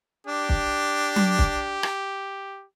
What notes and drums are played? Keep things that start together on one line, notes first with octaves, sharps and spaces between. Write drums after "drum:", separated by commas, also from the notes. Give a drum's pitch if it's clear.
D4 G4
drum: kick
drum: tom F#3
drum: kick
drum: rim click